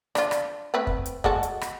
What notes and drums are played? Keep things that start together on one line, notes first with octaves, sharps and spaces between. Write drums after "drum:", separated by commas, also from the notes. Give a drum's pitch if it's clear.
D4 F4, drum: rim click
drum: rim click
A3 C4 B4
drum: kick
drum: hi-hat
G#3 F#4 A4, drum: kick
drum: hi-hat
drum: rim click